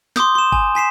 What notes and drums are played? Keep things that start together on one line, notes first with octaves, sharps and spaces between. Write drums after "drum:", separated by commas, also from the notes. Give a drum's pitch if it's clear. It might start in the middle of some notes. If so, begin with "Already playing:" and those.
C6 D6 D#6 G6, drum: snare
C6 E7
G#5, drum: kick G#1
G#5 B6 C7 E7